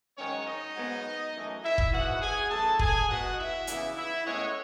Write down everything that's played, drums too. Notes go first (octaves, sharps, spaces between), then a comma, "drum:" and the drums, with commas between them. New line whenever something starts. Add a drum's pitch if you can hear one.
G#2 D#3 F#3 C#4 C#5
D#4 D#5
G#2 F#3 B3
F#2 E3 A3
E4 E5
drum: kick F1
G#2 E3 B3 F#4 F#5
G#4 G#5
F#2 E3 A3 A4 A5
G#4 G#5, drum: kick F1
B2 G#3 B3 F#4 F#5
E4 E5
C#3 E3 B3, drum: hi-hat
E4 E5
A2 G#3 B3 C#4 C#5